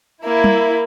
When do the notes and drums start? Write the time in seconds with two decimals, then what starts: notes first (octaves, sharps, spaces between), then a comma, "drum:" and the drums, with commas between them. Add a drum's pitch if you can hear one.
0.24 A#3 E4
0.44 drum: tom G3